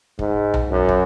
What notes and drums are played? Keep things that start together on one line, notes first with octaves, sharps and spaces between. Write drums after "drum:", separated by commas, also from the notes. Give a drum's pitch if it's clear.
G#2, drum: kick
drum: tom B1
F#2
drum: kick